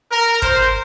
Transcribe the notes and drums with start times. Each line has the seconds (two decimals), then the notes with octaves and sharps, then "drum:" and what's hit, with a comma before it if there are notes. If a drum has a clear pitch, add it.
0.12 A#4
0.42 C5, drum: kick G1, hi-hat